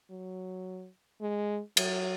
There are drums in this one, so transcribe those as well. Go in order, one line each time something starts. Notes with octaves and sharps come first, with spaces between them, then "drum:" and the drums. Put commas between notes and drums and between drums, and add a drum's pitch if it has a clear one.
F#3
G#3
F#3, drum: cymbal